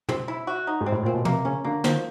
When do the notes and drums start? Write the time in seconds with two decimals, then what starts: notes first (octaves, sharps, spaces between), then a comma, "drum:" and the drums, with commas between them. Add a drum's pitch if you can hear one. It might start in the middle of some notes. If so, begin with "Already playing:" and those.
0.09 C4, drum: tom
0.28 E4
0.47 F#4
0.67 D#4
0.81 G#2
0.86 C4
0.92 A2
1.03 A#2 C4
1.14 B2
1.25 C3 A#3, drum: tom
1.45 C#3 C#4
1.64 D3 A#3
1.84 D#3 F3, drum: snare